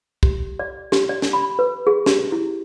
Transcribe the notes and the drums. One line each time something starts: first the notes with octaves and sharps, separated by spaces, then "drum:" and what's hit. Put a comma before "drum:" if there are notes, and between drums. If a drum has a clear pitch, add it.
G4, drum: kick
D5
G4, drum: snare
D5
drum: snare
B5
B4
G#4
G4, drum: snare
E4